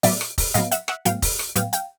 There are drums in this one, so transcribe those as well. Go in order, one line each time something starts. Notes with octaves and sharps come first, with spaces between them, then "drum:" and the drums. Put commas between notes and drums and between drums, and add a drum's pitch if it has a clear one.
A2 F#3 B3 D5 E5, drum: open hi-hat
drum: rim click
drum: kick, open hi-hat
A2 F#3 B3 D#5 F5, drum: hi-hat
E5 F#5, drum: hi-hat
E5 F#5, drum: rim click
A2 F#3 B3 F5 G5, drum: hi-hat
drum: kick, open hi-hat
drum: rim click
A2 F#3 B3 F5 G5, drum: hi-hat
F5 G5, drum: hi-hat